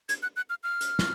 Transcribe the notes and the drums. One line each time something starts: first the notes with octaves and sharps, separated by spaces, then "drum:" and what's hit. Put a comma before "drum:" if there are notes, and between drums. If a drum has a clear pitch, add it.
G#6, drum: hi-hat
F#6
F#6
F6
F6
drum: hi-hat
drum: snare